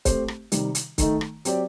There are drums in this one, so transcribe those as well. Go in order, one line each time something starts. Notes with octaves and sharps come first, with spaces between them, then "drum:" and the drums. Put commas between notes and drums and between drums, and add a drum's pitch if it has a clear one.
A3 C4 G4 C5, drum: kick, hi-hat
drum: rim click
C3 D#3 G3, drum: hi-hat
drum: hi-hat
D#3 A3 D#4, drum: kick, hi-hat
drum: rim click
F#3 C4 G4 D5, drum: hi-hat